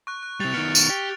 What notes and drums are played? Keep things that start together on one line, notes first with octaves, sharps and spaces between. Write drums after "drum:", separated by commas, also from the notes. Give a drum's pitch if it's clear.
C#6 F#6
F#6
C3 G3 A6 F7
D#3 B3 F6 C#7 D7
drum: tambourine
G4